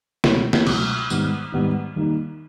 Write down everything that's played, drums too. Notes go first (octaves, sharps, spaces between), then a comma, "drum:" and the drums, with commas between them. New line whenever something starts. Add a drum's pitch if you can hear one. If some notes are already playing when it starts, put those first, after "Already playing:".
C#2 B2 F#3 A3, drum: snare
drum: snare
C#2 B2 F#3 A3, drum: cymbal
G#2 D#3 G3 B3 D#4, drum: tambourine
G#2 D#3 G3 B3 D#4
D#3 G3 A#3 D#4